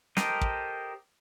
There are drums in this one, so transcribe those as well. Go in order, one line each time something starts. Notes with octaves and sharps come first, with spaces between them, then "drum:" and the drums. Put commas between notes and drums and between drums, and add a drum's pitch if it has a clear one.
G4 A4 A#4 C5 D#5, drum: snare
drum: kick